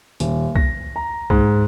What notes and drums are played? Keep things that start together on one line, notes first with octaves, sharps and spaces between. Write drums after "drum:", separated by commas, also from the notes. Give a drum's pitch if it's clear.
D#1, drum: hi-hat
A#6, drum: kick C2
A#5
G#2, drum: kick C2